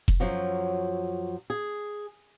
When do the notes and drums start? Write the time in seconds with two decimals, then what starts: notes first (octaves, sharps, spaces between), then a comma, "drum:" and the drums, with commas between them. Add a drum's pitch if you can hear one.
0.08 drum: kick F1
0.20 F#2 F3 F#3
1.50 G#4